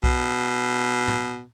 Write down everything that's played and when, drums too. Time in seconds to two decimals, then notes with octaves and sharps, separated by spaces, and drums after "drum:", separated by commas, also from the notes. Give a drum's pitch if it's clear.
0.04 B2, drum: kick B1
1.08 drum: tom